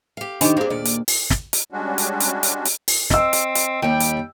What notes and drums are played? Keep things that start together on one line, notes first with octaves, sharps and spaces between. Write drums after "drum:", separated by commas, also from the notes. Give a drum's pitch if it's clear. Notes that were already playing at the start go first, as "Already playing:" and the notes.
G4 F5
D#3 D4 G4 G#4 C5, drum: hi-hat
A#3 C4 D4 G4 G#4 C5 F5
D#2 A#2 D5
drum: hi-hat
drum: open hi-hat
drum: snare
drum: hi-hat
G3 G#3 C#4 D4 F#4
drum: hi-hat
drum: hi-hat
drum: hi-hat
drum: hi-hat
drum: open hi-hat
C4 D#5 E6, drum: snare
drum: hi-hat
drum: hi-hat
D#2 G3 G5
drum: hi-hat